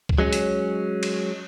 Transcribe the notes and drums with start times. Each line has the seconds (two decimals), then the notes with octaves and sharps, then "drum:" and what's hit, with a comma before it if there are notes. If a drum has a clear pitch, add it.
0.09 drum: kick C#2
0.18 F#3 G#3 C#4
0.33 drum: hi-hat
1.03 drum: cymbal